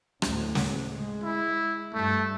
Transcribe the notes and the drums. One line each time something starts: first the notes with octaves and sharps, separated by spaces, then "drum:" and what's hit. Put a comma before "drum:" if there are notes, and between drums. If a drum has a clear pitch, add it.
D2 A2, drum: rim click
drum: snare
G#3
E4
G2 A3